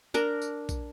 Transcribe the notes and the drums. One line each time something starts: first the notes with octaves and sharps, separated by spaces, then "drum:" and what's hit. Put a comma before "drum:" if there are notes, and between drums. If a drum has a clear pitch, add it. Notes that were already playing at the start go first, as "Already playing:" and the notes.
D4 A#4, drum: tambourine
drum: tambourine
drum: kick A#1, tambourine